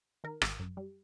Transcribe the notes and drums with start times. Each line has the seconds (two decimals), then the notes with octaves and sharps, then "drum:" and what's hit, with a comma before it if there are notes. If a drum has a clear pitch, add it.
0.24 D#3 A#4
0.42 G#1, drum: rim click
0.59 F#2
0.77 G3